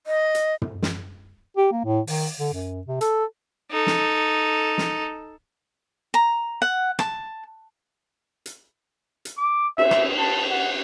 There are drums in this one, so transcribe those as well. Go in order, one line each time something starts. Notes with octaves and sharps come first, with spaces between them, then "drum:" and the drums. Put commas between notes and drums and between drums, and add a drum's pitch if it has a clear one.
D#5
drum: hi-hat
drum: tom
drum: snare
G4
A#3
A2
D#3, drum: open hi-hat
D3
F#2
C3
A4, drum: hi-hat
D#4 A4
drum: snare
drum: snare
A#5
F#5
A5, drum: rim click
drum: hi-hat
drum: hi-hat
D6
E5, drum: cymbal
drum: rim click
A5
F#5